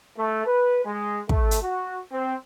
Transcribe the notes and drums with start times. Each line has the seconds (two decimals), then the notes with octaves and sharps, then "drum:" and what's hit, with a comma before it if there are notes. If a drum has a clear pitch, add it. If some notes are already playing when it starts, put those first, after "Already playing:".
0.17 A3
0.47 B4
0.85 G#3
1.29 A3, drum: kick
1.51 drum: hi-hat
1.62 F#4
2.12 C4